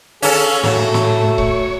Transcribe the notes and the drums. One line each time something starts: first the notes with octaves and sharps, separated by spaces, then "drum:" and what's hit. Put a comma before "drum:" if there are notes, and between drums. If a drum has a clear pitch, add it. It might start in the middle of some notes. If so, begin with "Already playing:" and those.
C#4 G#4 A4 F5, drum: open hi-hat
A2 F#3 A3, drum: snare
drum: snare
C#5, drum: kick C#1